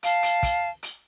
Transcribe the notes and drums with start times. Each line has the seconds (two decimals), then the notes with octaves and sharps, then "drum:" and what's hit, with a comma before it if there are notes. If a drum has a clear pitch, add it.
0.03 F5 A5, drum: hi-hat
0.23 drum: hi-hat
0.43 drum: kick, hi-hat
0.83 drum: hi-hat